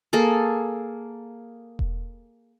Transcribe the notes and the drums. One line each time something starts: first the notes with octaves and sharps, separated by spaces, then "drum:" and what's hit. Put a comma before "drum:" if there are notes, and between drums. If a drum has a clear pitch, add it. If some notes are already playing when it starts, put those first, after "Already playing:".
A#3 G#4 A4
drum: kick E1